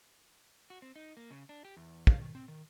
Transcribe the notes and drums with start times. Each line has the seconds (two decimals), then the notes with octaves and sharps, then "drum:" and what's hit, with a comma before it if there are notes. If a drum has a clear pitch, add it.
0.70 F#4
0.82 C4
0.96 D#4
1.17 A#3
1.31 C#3
1.49 D4
1.65 G4
1.77 E2
2.07 F5, drum: kick
2.21 D#3
2.35 C4
2.48 D#3